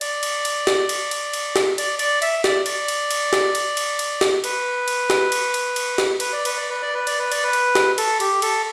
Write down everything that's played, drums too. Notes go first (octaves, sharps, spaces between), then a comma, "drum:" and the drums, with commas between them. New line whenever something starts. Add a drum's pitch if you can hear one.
D5, drum: cymbal
drum: cymbal
drum: cymbal
drum: snare
drum: cymbal
drum: cymbal
drum: cymbal
drum: snare
D5, drum: cymbal
D5, drum: cymbal
E5, drum: cymbal
D5, drum: snare
D5, drum: cymbal
drum: cymbal
drum: cymbal
drum: snare
drum: cymbal
drum: cymbal
drum: cymbal
drum: snare
B4, drum: cymbal
drum: cymbal
drum: snare
drum: cymbal
drum: cymbal
drum: cymbal
drum: snare
B4, drum: cymbal
D5
B4, drum: cymbal
D5
B4
D5
B4
D5, drum: cymbal
B4
D5, drum: cymbal
B4
drum: cymbal
drum: snare
A4, drum: cymbal
G4, drum: cymbal
A4, drum: cymbal